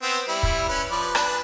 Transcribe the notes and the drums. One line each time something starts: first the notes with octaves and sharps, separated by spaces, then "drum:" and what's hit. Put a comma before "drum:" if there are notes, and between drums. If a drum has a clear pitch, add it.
B3 C4
G3 E4
drum: kick
C#4 B4
F3 B4 D5
D4 B4, drum: rim click